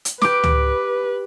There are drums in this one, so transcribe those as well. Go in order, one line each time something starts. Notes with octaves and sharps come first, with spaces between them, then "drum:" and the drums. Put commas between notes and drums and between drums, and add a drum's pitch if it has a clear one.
drum: hi-hat
G4 B4 D6, drum: snare
drum: tom C#2